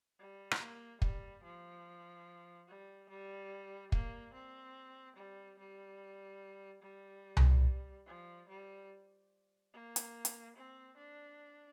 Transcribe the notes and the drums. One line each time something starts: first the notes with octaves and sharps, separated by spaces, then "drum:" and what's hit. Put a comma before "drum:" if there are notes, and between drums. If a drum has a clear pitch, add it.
G3
drum: rim click
A#3
G3, drum: kick
F3
G3
G3
A#3, drum: kick
C4
G3
G3
G3
drum: tom C2
F3
G3
A#3
drum: hi-hat
drum: hi-hat
C4
D4